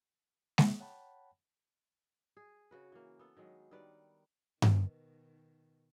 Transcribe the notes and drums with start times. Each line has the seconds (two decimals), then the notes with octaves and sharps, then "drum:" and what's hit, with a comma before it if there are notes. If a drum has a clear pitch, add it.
0.58 drum: snare G#3
0.80 C#5 F#5 G5 A5 B5
2.37 G#4
2.71 C#3 F#4 B4
2.92 E3 A#3
3.19 B3 A4
3.37 D#3 F#3 G#3
3.71 D#3 G3 B4 D5
4.62 B2 D#3 A#4 B4 D#5, drum: tom G2